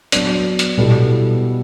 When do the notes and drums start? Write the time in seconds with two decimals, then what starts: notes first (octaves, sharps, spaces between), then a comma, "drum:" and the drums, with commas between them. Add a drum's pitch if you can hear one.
0.12 F#3 B3 D4, drum: hi-hat
0.59 drum: hi-hat
0.77 B2 G3 B3 E4 A4